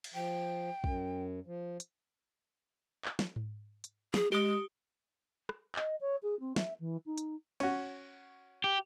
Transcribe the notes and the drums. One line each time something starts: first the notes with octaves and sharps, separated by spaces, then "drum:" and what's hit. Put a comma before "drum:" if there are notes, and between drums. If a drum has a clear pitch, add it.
drum: cymbal
F3 G5
F#2, drum: kick
F3
drum: hi-hat
drum: clap
drum: snare
drum: tom G#2
drum: hi-hat
G#4, drum: snare
G#3 G4 D#6
drum: rim click
D#5, drum: clap
C#5
G#4
C4
E5, drum: snare
E3
D#4
drum: hi-hat
C#4 F#4, drum: cymbal
G4